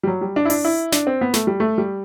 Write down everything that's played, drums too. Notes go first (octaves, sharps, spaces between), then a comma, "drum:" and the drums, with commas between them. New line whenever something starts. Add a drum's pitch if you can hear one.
G3
F#3
G3
D4
E4
D4, drum: open hi-hat
E4
D4, drum: snare
C4
B3
A3, drum: snare
G3
A3
G3